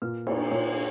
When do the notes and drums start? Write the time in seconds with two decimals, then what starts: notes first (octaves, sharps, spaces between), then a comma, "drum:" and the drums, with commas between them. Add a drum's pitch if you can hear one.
0.02 A#2 B4
0.27 A#3 E4, drum: cymbal
0.51 A#2 C#5